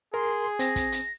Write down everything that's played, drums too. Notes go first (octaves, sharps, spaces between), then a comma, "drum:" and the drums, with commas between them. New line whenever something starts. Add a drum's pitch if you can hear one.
G#4 A#4 C6
C4 A#6, drum: hi-hat
drum: kick, hi-hat
drum: hi-hat